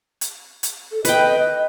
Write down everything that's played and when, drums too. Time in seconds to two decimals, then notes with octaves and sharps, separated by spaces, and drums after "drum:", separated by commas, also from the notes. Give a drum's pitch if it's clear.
0.21 drum: hi-hat
0.63 drum: hi-hat
0.91 A4
1.05 B4 D#5 G5, drum: hi-hat